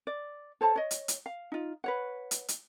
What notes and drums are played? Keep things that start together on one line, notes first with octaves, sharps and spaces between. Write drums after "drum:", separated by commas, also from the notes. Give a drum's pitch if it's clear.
D5
A4 C5 C#5 A5
C#5 D#5
drum: hi-hat
drum: hi-hat
F5
D#4 F4
B4 C#5 F#5
drum: hi-hat
drum: hi-hat